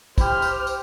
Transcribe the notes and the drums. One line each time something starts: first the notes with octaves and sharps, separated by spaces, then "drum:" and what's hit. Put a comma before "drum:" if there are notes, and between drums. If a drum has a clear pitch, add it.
E4 G4 C5 F6, drum: kick, tambourine
drum: tambourine
drum: tambourine